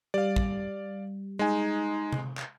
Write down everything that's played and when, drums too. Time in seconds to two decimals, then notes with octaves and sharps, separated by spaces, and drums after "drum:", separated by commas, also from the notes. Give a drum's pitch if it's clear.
0.14 G3 D5 F5
0.36 drum: kick
1.39 G#3 D#4 G#5
2.12 drum: tom C3
2.37 drum: clap